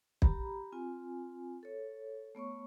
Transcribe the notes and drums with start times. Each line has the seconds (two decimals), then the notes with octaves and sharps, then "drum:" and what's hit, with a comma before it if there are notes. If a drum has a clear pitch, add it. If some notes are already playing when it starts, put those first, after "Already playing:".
0.22 G4 A#5 B5, drum: kick
0.72 C4 F4 G#5
1.63 A4 C#5
2.35 A3 B3 C#5 C#6